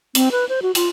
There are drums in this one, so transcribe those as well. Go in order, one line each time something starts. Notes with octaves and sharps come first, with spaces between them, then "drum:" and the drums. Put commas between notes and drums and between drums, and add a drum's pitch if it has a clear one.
C4, drum: hi-hat
B4
C5
F#4
F4, drum: hi-hat